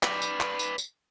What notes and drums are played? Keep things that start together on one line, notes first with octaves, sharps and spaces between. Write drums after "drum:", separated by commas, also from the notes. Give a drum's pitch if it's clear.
B4 D5, drum: clap
drum: tambourine
drum: clap
drum: tambourine
drum: tambourine